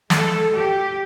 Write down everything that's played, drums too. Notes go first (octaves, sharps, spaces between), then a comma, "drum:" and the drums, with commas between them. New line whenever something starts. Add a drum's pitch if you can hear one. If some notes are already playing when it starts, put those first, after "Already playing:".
G#3 A4, drum: snare
G4